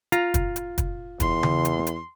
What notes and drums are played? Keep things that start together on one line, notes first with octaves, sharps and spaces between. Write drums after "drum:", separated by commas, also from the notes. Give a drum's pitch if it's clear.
F4 A#5, drum: hi-hat
drum: kick, hi-hat
drum: hi-hat
drum: kick, hi-hat
E2 C6, drum: kick, hi-hat
drum: tom C#3
drum: hi-hat
drum: hi-hat